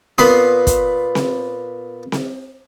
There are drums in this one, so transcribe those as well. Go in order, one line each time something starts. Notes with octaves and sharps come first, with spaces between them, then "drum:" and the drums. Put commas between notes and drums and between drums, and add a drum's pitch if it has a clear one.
A#2 B3 B5 C6 D#6, drum: snare C4
drum: kick, hi-hat
drum: snare C4
drum: snare C4